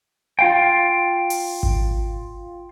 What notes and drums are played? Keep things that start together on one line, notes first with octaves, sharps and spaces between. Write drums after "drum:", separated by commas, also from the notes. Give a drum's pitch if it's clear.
F4 F5 G5
drum: open hi-hat
drum: kick G#1